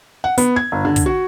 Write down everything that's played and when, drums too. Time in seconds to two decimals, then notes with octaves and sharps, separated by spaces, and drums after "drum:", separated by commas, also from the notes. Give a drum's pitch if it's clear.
0.24 F#5
0.38 B3, drum: hi-hat
0.56 G#6
0.72 G1
0.85 D3
0.96 drum: kick, hi-hat
1.06 F#4